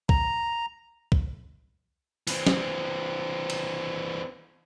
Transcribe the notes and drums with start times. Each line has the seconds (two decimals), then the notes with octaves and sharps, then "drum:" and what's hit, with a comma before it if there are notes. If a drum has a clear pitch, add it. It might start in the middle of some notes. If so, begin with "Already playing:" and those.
0.09 A#5, drum: kick
1.12 drum: kick
2.27 E3 C4, drum: open hi-hat
2.47 drum: snare
3.50 drum: cymbal